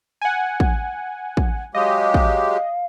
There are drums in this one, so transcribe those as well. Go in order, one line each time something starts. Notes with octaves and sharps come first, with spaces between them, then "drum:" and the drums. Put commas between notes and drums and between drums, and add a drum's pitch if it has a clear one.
F#5 G#5
drum: kick
drum: kick
F#3 G#3 G4 D#5 F5
drum: kick